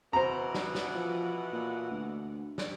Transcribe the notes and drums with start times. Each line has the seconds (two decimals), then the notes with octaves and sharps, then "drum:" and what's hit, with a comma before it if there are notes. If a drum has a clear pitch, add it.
0.13 B2 E3 C5 F#5 A#5
0.54 drum: snare
0.75 drum: snare
0.95 F3
1.53 A#2
1.91 D2
2.58 drum: snare